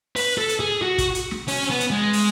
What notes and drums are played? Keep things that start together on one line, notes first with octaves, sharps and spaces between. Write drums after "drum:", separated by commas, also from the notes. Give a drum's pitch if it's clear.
B4, drum: open hi-hat
A4
drum: hi-hat
G#4
F#4
drum: kick, hi-hat
drum: hi-hat
drum: snare
C#4, drum: open hi-hat
B3
drum: hi-hat
G#3
drum: open hi-hat